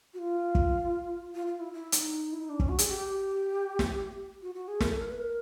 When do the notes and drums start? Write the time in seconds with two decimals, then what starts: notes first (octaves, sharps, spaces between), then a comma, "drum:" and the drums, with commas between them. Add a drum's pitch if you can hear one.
0.14 F#4
0.18 F4
0.55 drum: kick
1.34 F4
1.47 F4
1.60 E4
1.73 E4
1.92 D#4, drum: hi-hat
2.32 E4
2.41 D#4
2.49 D4
2.60 C#4, drum: kick
2.69 F#4
2.79 G#4, drum: hi-hat
2.88 G4
3.79 drum: snare
4.42 F#4
4.55 F#4
4.68 G#4
4.80 A#4, drum: snare
4.89 A4
5.00 A#4
5.09 B4
5.19 A#4